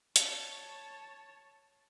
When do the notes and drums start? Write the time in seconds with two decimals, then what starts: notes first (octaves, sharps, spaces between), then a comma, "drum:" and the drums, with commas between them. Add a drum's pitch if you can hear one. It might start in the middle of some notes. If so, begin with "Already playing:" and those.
0.16 C#5 A5, drum: hi-hat